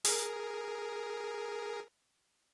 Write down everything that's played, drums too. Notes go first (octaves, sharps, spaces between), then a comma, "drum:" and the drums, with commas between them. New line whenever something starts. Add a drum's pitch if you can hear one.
G#4 A#4, drum: open hi-hat